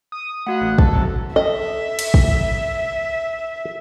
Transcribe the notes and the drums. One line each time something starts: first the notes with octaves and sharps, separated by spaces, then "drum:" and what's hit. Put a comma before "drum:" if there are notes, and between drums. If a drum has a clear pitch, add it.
D#6
A3 F#4 F5 F#5
A1 F#4
A4, drum: kick
C3 F#3
A4 D#5 E5
drum: cymbal
drum: kick